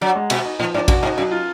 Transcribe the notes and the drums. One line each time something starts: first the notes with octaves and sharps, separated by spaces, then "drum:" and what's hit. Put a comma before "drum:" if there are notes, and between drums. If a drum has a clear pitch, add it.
F#3 D4
G#3
B2 F#4, drum: cymbal
D#4
A#2 F3
G#2 D4
F#2 F#4, drum: kick A1, cymbal
G#2 D#4
F#2 F#3
F4